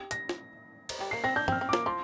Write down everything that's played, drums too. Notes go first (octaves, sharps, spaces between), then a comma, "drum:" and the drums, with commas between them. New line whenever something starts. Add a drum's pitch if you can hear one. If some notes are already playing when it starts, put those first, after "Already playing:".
Already playing: G4
A#6, drum: hi-hat
drum: snare
drum: cymbal
G3
A#3 C7
C4 A#6
D4 G6
C4, drum: tom
F6
C4
D6
A#3, drum: snare
F3 C6